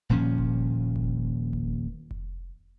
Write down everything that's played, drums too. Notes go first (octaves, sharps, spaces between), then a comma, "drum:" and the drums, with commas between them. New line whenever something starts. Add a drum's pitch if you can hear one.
D#1 A#2 F3 C#4
drum: kick F1
drum: kick F1
drum: kick F1
drum: kick F1